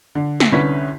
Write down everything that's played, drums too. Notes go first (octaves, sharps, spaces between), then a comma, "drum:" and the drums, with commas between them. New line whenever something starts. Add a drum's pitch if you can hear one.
D3
drum: snare
C2 D3 C#4 B4 B6